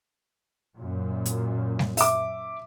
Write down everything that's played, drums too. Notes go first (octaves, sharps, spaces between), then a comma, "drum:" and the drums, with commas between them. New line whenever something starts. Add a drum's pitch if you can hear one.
F#2 A#2
drum: hi-hat
drum: snare
E5 D6, drum: open hi-hat